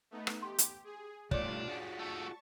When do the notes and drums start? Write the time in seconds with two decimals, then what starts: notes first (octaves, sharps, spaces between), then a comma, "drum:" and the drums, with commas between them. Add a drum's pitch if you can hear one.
0.11 A3 B3 D#4
0.27 drum: rim click
0.42 G4 C6
0.58 drum: hi-hat
0.84 G#4
1.31 B2 G3 A3 D4 F4 C#5 D5 D6, drum: kick
1.68 F4 F#4 G#4 A6 B6
1.99 A3 D#4 A5 C#6 A6